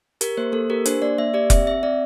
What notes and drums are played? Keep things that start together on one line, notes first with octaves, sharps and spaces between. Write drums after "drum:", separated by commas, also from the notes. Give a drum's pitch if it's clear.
G4 A#4, drum: hi-hat
A#3 C5
A#3 A4
G4 A#4
D4 C5, drum: hi-hat
A#3 D5
A#3 E5
G4 D5
C4 E5, drum: kick F1, hi-hat
C4 E5
C4 D5